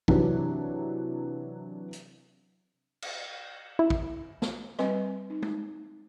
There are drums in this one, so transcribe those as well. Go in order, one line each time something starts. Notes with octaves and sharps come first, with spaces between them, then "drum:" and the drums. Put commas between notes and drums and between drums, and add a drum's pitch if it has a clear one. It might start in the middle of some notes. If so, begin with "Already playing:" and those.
C3 E3 F#3 D4, drum: kick
drum: hi-hat
drum: cymbal
E4
drum: kick
drum: snare
G3 C4 B4 D#5, drum: rim click
D#4
drum: tom G#3